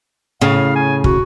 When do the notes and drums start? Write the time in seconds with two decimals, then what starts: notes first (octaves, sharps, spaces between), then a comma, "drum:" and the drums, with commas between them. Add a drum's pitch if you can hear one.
0.41 A2 C#3 F5
0.75 G#5
1.04 F#4, drum: kick